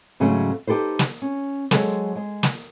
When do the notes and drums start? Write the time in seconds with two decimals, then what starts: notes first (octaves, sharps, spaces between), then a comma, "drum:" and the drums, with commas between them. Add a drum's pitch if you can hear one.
0.20 G#2 C#3 F#3 A3 C#4
0.67 D#4 G4 A4 B4 C5
0.99 drum: snare
1.22 C#4
1.71 F#3 G#3 G#4 A4 C5, drum: snare
2.16 G#3
2.43 drum: snare